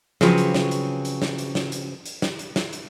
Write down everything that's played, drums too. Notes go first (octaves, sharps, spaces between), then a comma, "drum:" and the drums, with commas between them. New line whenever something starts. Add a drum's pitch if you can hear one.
C#3 F3 F#3 C4 B4 C#5, drum: snare
drum: hi-hat
drum: snare
drum: hi-hat
drum: hi-hat
drum: snare
drum: hi-hat
drum: snare
drum: hi-hat
drum: hi-hat
drum: snare
drum: hi-hat
drum: snare
drum: hi-hat